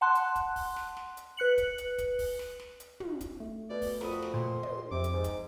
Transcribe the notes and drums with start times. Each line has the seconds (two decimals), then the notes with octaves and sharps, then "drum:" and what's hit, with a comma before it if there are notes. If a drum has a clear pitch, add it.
0.01 F#5 A5 C6 F#6
0.15 drum: hi-hat
0.36 drum: kick, hi-hat
0.56 drum: kick, open hi-hat
0.76 drum: snare
0.97 drum: snare
1.17 drum: hi-hat
1.37 B4 F#6 C#7 F#7
1.58 drum: kick, hi-hat
1.78 drum: hi-hat
1.98 drum: kick, hi-hat
2.19 drum: kick, open hi-hat
2.39 drum: snare
2.59 drum: snare
2.80 drum: hi-hat
3.00 drum: tom
3.21 drum: kick, hi-hat
3.40 A3
3.70 B2 D5
3.82 drum: kick, open hi-hat
4.01 F2 F#4 A#4 B5 D#6, drum: snare
4.22 drum: snare
4.34 A#2 C6
4.63 drum: tom
4.92 F2 C3 D6
5.04 drum: hi-hat
5.13 G#2
5.24 drum: kick, hi-hat